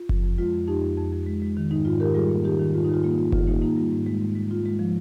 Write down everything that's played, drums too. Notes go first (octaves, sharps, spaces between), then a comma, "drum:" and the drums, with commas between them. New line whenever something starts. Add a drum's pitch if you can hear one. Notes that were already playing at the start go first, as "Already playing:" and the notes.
Already playing: F4
F3, drum: kick F#1
F2
G#3 F4
F2
F2 D#4 G4
F2
F2
F2
G#3
G#3
D#3
G#2 D#4
G#2 F4
D#3 G4 A#4
G3 F4 G#4
A#3
D#3 D#4 G4
D#3
G#2 F4
D#4
D#3 F4
A#3 F4
D#4
A#3 F4
D#3 F4, drum: kick F#1
A#3 D#4 G4
A#3 D#4
G3 F4
G#2
G#3
G#2
G#3
G#2 F4
G#3
F3